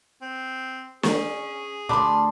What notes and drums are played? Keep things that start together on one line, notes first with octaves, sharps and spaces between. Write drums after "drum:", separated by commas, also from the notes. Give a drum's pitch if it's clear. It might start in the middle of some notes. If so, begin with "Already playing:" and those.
C4
C#4 G#4, drum: snare
D2 D4 B5 C6 D6